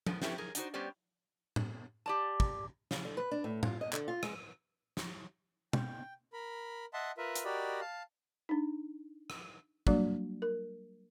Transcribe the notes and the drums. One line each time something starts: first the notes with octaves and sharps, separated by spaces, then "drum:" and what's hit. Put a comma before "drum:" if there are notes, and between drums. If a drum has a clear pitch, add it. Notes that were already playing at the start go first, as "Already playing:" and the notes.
D#3 F3 G#3 B3, drum: tom
C4 C#4 E4 G4 A4 B4, drum: snare
G#4 A#4
D4 D#4 F#4 C5, drum: hi-hat
G3 B3 C#4 G4 C5 D5
drum: tom A2
G4 D5 A5
drum: kick
C#3, drum: snare
D3
B4
D4
A2
F4, drum: tom A2
D#5
D3, drum: clap
F4
G#3, drum: rim click
drum: snare
G5, drum: tom
A#4 B5
D#5 E5 F#5 A5 C6
F4 A#4 B4 E5
drum: hi-hat
F#4 G4 A#4 D5 D#5 B5
F5 A5
D4 D#4
drum: rim click
F#3 G3 A#3 D4 F#4, drum: kick
A#4